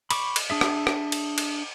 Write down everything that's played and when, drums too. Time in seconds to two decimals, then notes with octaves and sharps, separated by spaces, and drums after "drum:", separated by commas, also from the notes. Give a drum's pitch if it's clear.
0.10 B5 C#6 D6, drum: cymbal
0.36 drum: cymbal
0.50 D4 G#4 E5
0.61 drum: rim click
0.87 drum: rim click
1.12 drum: cymbal
1.38 drum: cymbal